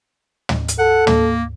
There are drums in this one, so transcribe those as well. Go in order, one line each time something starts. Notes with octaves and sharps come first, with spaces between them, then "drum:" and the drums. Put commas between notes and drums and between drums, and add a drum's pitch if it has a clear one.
drum: tom
drum: hi-hat
A4 F#5
A#3, drum: tom